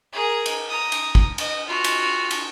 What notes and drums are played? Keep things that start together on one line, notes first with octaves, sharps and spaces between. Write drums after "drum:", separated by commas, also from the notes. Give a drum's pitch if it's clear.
G#4 A#4
drum: cymbal
A#5 D#6
drum: cymbal
drum: kick
D#5, drum: cymbal
F4 F#4
drum: cymbal
drum: cymbal